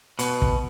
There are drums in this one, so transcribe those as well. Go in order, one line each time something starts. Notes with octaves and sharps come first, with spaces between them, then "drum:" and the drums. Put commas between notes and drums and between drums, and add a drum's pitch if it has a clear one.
B2, drum: hi-hat
drum: kick